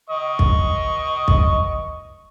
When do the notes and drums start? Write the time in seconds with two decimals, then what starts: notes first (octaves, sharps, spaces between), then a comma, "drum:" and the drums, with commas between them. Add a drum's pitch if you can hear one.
0.10 D#5 C#6
0.39 drum: kick
1.28 drum: kick